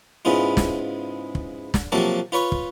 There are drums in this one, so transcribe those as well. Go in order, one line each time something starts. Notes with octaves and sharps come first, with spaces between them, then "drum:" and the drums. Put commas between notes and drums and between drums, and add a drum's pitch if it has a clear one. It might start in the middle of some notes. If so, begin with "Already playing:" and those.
G#2 C#3 B3 E4 F4
drum: snare
drum: kick
drum: snare
C3 F3 F#3 A#3 F#4 A4
F4 B4 C#5 C#6
drum: kick